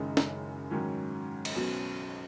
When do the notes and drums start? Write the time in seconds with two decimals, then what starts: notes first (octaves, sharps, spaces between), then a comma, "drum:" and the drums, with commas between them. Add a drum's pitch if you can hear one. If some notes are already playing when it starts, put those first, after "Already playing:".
Already playing: F#1 F#2 D#3 G#3 D#4
0.17 drum: snare
0.70 G#2 D#3 F#3 C#4
1.45 drum: cymbal
1.55 B1 B2 F#3 C#4